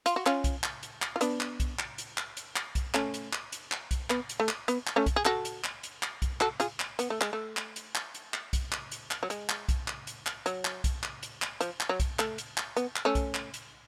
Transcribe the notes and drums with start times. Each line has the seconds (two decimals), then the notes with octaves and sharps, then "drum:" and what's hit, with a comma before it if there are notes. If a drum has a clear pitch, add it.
0.06 F4, drum: hi-hat
0.16 F#4
0.26 C#4 F4, drum: clap
0.44 drum: kick B1, hi-hat
0.63 drum: clap
0.83 drum: hi-hat
1.02 drum: clap
1.16 F4
1.21 B3 D4, drum: hi-hat
1.40 drum: clap
1.60 drum: kick B1, hi-hat
1.79 drum: clap
1.98 drum: hi-hat
2.18 drum: clap
2.37 drum: hi-hat
2.56 drum: clap
2.75 drum: kick B1, hi-hat
2.94 A3 C#4, drum: clap
3.14 drum: hi-hat
3.33 drum: clap
3.52 drum: hi-hat
3.72 drum: clap
3.91 drum: kick B1, hi-hat
4.10 B3, drum: clap
4.29 drum: hi-hat
4.40 A3
4.49 drum: clap
4.68 B3, drum: hi-hat
4.87 drum: clap
4.96 A3 C#4
5.06 drum: kick B1, hi-hat
5.16 G#4
5.25 F#4 A4, drum: clap
5.45 drum: hi-hat
5.64 drum: clap
5.83 drum: hi-hat
6.03 drum: clap
6.22 drum: kick B1, hi-hat
6.41 F#4 A4, drum: clap
6.60 F4 G#4, drum: hi-hat
6.80 drum: clap
6.99 B3, drum: hi-hat
7.10 A3
7.21 G#3, drum: clap
7.33 A3
7.57 drum: clap
7.76 drum: hi-hat
7.95 drum: clap
8.14 drum: hi-hat
8.34 drum: clap
8.53 drum: kick B1, hi-hat
8.72 drum: clap
8.92 drum: hi-hat
9.11 drum: clap
9.23 F#3
9.30 G#3, drum: hi-hat
9.49 drum: clap
9.69 drum: kick B1, hi-hat
9.88 drum: clap
10.07 drum: hi-hat
10.26 drum: clap
10.46 F#3, drum: hi-hat
10.65 drum: clap
10.84 drum: kick B1, hi-hat
11.03 drum: clap
11.23 drum: hi-hat
11.42 drum: clap
11.61 F3, drum: hi-hat
11.80 drum: clap
11.89 F#3
12.00 drum: kick B1, hi-hat
12.19 A3, drum: clap
12.38 drum: hi-hat
12.57 drum: clap
12.77 B3, drum: hi-hat
12.96 drum: clap
13.05 A3 C#4
13.15 drum: kick B1, hi-hat
13.34 drum: clap
13.54 drum: hi-hat